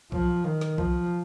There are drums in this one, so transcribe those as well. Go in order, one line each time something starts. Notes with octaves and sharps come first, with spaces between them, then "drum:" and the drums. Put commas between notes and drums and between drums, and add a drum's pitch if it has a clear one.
F3, drum: kick B1
D#3
drum: snare
F3, drum: kick B1